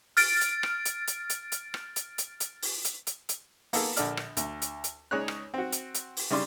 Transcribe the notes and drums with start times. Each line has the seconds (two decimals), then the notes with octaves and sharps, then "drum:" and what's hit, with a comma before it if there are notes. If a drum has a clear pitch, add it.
0.17 F6 A6 D7, drum: open hi-hat
0.41 drum: hi-hat
0.63 drum: rim click
0.85 drum: hi-hat
1.07 drum: hi-hat
1.30 drum: hi-hat
1.52 drum: hi-hat
1.74 drum: rim click
1.96 drum: hi-hat
2.18 drum: hi-hat
2.40 drum: hi-hat
2.62 drum: open hi-hat
2.85 drum: hi-hat
3.07 drum: hi-hat
3.29 drum: hi-hat
3.73 A#3 B3 G#4 A4, drum: open hi-hat
3.96 A#1 D3 A4 D5 F6, drum: hi-hat
4.17 drum: rim click
4.37 D2, drum: hi-hat
4.62 drum: hi-hat
4.84 drum: hi-hat
5.11 C#2 D#4 G#4 C#5 D5 F#6
5.28 drum: rim click
5.54 C4 F#4
5.72 drum: hi-hat
5.94 drum: hi-hat
6.17 drum: open hi-hat
6.30 C#3 G3 D4 D5 C6 D6